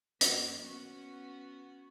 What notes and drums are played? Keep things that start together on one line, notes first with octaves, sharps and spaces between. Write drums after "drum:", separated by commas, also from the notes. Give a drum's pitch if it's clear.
F#2 D#3 A#3, drum: hi-hat
B3 C#4 F#4